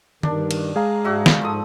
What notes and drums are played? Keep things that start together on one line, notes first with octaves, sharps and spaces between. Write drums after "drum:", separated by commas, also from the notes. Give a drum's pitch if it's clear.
G2 D#3 D4, drum: tom D3
drum: cymbal
G#3 G#4 F5 A#5
G#2 D4 F#4 E5
drum: snare
G#2 F3 A4 D#6